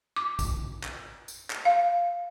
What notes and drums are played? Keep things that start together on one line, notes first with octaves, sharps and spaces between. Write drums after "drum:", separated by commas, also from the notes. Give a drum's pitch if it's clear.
D6
drum: kick A#1, tambourine
drum: clap
drum: tambourine
drum: clap
F5